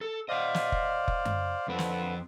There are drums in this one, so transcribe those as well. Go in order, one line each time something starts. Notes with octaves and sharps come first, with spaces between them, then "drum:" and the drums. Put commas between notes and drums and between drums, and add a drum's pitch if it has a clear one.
A4
C5 D5 D#5 F5 F#5
drum: snare
drum: kick F1
drum: kick F1
drum: tom F#2
F2 D3 C4 B4
drum: snare